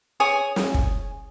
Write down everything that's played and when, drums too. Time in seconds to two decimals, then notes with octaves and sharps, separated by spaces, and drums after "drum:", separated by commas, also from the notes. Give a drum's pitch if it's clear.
0.20 G#4 C#5 G#5 D#6
0.56 drum: snare
0.74 drum: kick